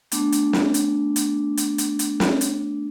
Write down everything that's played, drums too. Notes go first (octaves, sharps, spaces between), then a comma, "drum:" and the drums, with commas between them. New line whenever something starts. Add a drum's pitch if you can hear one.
A3 B3 D4 D6, drum: hi-hat
drum: hi-hat
drum: snare
drum: hi-hat
drum: hi-hat
drum: hi-hat
drum: hi-hat
drum: hi-hat
drum: snare
drum: hi-hat